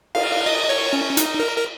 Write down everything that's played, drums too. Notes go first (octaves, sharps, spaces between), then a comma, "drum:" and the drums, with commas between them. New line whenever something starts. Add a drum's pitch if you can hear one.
F5, drum: cymbal
D#5
C#5
C#4
D#4, drum: hi-hat
A#4
A#4